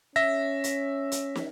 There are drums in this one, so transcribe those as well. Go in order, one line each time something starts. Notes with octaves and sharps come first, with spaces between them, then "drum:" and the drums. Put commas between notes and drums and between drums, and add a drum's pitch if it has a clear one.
C#4 E5 A#6
drum: hi-hat
drum: hi-hat
drum: snare